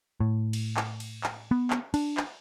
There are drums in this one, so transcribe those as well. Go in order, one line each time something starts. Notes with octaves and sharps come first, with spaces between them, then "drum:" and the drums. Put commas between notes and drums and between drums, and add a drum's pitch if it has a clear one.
A2
drum: cymbal
drum: clap
drum: cymbal
drum: clap
B3
drum: clap
D4, drum: cymbal
drum: clap